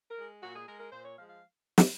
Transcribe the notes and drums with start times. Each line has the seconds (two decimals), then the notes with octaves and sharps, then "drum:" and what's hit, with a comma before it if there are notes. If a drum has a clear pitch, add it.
0.10 A#4
0.18 G#3
0.42 A#2 F#4
0.55 G#4
0.67 G#3 A#4
0.79 A#4
0.91 A#2 C5
1.04 C#5
1.17 F3 G#3 F5
1.29 F5
1.78 drum: snare